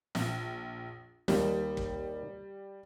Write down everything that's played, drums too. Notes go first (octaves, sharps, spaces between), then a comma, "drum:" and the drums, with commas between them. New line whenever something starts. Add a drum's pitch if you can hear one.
A#1, drum: snare
D#2 D#3 G3, drum: snare
drum: kick